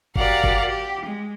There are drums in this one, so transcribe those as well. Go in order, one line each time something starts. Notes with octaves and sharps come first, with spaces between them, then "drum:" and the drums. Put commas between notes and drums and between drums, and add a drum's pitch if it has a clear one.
F#4 G4 A#4 D5 F5 F#5, drum: kick G1
drum: kick G1
G4
G#3